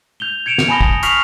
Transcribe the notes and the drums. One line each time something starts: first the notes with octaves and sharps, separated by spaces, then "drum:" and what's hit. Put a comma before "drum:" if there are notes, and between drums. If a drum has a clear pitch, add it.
G6 F7 G7
G#6 C#7 D7 E7 F7
drum: snare
G#5 A5 B5 D#6 A#6 G7
drum: kick
C#6 F6 B6 C7 F7 F#7, drum: hi-hat